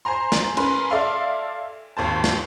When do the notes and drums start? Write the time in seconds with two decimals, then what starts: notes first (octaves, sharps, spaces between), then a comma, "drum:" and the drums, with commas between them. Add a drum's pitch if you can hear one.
0.05 C5 G#5 A#5 C6
0.32 drum: snare
0.57 C#4 A#4 B4 B5 C6, drum: cymbal
0.90 A4 D5 E5 F5 C6
1.97 G#1 D#2 C5 A5
2.24 drum: snare